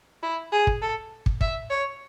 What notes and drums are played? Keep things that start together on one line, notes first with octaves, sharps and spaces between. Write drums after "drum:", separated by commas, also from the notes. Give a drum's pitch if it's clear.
E4
G#4
drum: kick
A4
drum: kick
E5, drum: kick
C#5